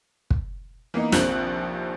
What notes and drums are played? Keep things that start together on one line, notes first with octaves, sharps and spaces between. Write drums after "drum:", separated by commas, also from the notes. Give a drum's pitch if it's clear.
drum: kick
E3 A#3 B3 D#4
A#1 D#2 C3 F3 F#6 F#7, drum: snare